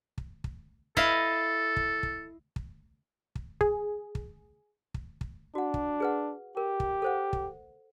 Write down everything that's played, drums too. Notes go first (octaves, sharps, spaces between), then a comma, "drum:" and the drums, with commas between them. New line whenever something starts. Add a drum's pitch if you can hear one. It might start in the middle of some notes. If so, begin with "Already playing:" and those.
drum: kick
drum: kick
E4 A4 D#5 F5, drum: kick
drum: kick
drum: kick
drum: kick
drum: kick
G#4, drum: kick
drum: kick
drum: kick
drum: kick
D4 F#4 F#5
drum: kick
G#4 B4 F#5
G4 A#4
drum: kick
A4 C5 F#5
drum: kick